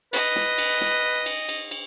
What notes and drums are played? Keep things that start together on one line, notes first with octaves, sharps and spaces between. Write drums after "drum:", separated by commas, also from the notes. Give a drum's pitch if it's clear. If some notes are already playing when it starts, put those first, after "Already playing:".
B4 D#5, drum: cymbal
drum: snare
drum: cymbal
drum: snare
drum: cymbal
drum: cymbal
drum: cymbal